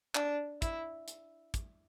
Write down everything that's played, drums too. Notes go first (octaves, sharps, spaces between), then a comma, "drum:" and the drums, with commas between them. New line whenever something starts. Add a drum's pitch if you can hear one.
D4, drum: clap
E4, drum: kick, hi-hat
drum: hi-hat
drum: kick, hi-hat